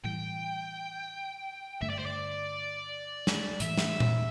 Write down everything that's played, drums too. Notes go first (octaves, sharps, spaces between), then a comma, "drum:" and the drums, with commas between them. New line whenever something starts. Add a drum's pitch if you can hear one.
A2 E3 G3 G5
G2 D3 A3 E5
D5
C5
D5
drum: snare
A2 E3 A3 E5, drum: hi-hat
drum: snare
drum: tom A#2